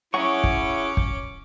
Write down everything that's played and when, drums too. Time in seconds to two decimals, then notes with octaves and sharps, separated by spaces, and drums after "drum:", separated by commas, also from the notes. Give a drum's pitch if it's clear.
0.14 F#3 C#4 E4 G#4 F#5 C#6 D6
0.44 drum: kick
0.97 drum: kick